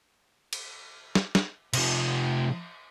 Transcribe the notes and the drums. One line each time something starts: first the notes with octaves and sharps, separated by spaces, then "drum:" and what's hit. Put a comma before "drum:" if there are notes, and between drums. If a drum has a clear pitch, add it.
drum: cymbal
drum: snare
drum: snare
C3 F3, drum: cymbal